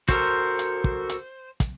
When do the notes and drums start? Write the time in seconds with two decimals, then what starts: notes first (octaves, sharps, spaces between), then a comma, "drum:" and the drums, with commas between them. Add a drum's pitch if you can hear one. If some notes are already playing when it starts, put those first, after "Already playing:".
0.08 F#4 A4 A#4 C5, drum: kick, hi-hat
0.59 drum: hi-hat
0.84 drum: kick
1.10 drum: hi-hat
1.60 drum: kick, hi-hat